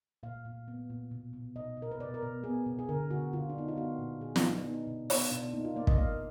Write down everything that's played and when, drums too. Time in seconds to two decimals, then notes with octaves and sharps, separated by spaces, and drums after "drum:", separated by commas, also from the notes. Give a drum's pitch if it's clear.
0.23 A#2 F5
0.45 A#2
0.68 B3
0.90 A#2
1.11 B2
1.33 B2
1.56 B2 D#5
1.77 B2
1.82 A#4
1.91 B4
2.00 B2 D5
2.14 A#4
2.22 B2
2.44 B3 G#4
2.66 B2
2.79 G#4
2.89 D3 A#4
3.10 D3 F#4
3.33 D3 F4
3.49 D4
3.54 B3 D#4
3.68 F4
3.76 B3 F#4
3.98 A#2
4.21 A#2 G#4
4.36 D#4, drum: snare
4.44 B3
4.51 D4
4.65 B3 D#4
4.87 B2
5.10 B3 F4, drum: open hi-hat
5.32 B2 D4
5.53 A#3 D#4
5.65 F4
5.76 A#3 D5
5.87 D#5, drum: kick
5.98 A#3 F5